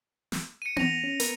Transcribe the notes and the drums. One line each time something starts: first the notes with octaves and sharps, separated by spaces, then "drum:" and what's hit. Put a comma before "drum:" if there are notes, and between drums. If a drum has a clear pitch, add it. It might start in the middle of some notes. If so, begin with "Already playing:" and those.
drum: snare
C#7 D#7
A#6 F7, drum: tom B3
C#4
B3 A#4 B4, drum: hi-hat